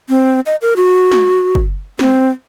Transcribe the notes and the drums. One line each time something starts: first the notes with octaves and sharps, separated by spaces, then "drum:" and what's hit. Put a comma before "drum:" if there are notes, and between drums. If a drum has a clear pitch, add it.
C4
D#5
A#4
F#4
drum: snare
drum: kick
C4, drum: snare